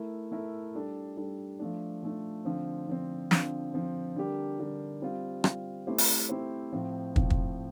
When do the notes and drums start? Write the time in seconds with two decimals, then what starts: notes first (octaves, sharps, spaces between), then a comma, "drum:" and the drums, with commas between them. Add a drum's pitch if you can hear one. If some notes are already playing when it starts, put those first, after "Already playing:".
Already playing: A3 E4 A#4
0.32 A3 E4 A#4
0.75 G3 D4 A4
1.17 G3 D4 A4
1.59 F3 A3 D4
2.03 F3 A3 D4
2.45 D3 F3 C4
2.88 D3 F3 C4
3.31 D3 F3 C4, drum: snare
3.74 D3 F3 C4
4.16 D3 G3 D4 G4 A#4
4.59 D3 G3 D4 G4 A#4
5.02 G3 C4 F4
5.44 G3 C4 F4, drum: rim click
5.87 A3 C4 E4 G4 C5
5.98 drum: open hi-hat
6.29 A3 C4 E4 G4 C5
6.73 A2 F3 C4
7.16 A2 F3 C4, drum: kick
7.30 drum: kick